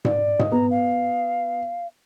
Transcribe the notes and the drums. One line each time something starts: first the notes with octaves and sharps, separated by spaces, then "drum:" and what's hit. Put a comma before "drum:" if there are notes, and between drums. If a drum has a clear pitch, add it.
D5, drum: tom G#2
D#5, drum: tom G#2
B3 A#5
F5